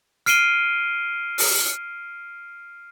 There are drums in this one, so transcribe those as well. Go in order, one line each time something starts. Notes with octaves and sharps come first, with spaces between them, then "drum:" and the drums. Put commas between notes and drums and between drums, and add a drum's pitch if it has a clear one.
F6 C7 D7 D#7 G7, drum: hi-hat
drum: open hi-hat